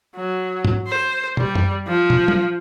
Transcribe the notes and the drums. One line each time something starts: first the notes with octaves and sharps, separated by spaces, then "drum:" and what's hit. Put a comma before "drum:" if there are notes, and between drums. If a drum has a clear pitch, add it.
F#3
drum: tom G#2
C5
G3, drum: tom
drum: tom F#2
F3
drum: tom
drum: tom F#3